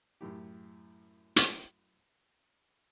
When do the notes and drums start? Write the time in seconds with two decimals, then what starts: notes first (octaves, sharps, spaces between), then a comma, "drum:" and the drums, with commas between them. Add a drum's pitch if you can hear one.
0.21 F#2 A2 G4
1.36 drum: hi-hat